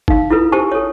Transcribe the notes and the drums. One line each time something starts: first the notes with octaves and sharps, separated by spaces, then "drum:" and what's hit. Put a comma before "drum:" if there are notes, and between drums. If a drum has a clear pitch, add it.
D#4 F5, drum: kick G#1
E4 F4 A4 B4
G4 A#4 C5 G#5 A5 C#6
A4 C#5